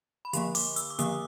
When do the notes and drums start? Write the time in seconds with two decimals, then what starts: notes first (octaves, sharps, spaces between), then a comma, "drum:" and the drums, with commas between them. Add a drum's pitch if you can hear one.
0.25 B5
0.33 D3 F3 A#3 C6, drum: hi-hat
0.55 D6, drum: open hi-hat
0.76 E6, drum: hi-hat
0.90 D6
0.99 D3 F3 A#3 D#6, drum: hi-hat